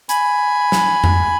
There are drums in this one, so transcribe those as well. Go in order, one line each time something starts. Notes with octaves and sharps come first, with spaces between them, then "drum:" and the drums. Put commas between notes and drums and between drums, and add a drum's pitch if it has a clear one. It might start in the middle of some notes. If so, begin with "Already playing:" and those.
G#5 B5, drum: hi-hat
drum: snare
drum: tom F2